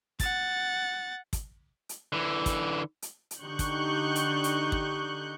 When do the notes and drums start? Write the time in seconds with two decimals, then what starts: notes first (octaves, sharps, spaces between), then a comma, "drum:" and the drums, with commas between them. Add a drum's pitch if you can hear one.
0.20 F#5 A6, drum: kick, hi-hat
1.33 drum: kick, hi-hat
1.89 drum: hi-hat
2.13 D3 E3
2.46 drum: kick, hi-hat
3.02 drum: hi-hat
3.31 drum: hi-hat
3.43 D3 D#4 G4 C#6 F#6 G6
3.59 drum: kick, hi-hat
4.16 drum: hi-hat
4.44 drum: hi-hat
4.72 drum: kick